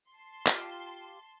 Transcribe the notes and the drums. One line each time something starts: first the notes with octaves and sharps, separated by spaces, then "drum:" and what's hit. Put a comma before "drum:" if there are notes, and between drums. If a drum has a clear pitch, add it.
A5 C6
F4 G4, drum: clap